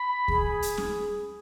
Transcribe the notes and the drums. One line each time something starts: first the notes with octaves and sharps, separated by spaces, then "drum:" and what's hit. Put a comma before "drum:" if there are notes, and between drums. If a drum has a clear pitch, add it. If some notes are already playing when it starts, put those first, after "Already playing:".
Already playing: B5
G#4, drum: kick D2
drum: hi-hat
drum: snare C#4